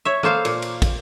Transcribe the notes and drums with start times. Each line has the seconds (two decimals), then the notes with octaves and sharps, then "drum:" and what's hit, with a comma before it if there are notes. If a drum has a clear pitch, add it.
0.05 C#5 E5
0.23 A#3 A4 C5 F5, drum: tom E3
0.45 A#2, drum: cymbal
0.62 drum: cymbal
0.82 drum: kick, cymbal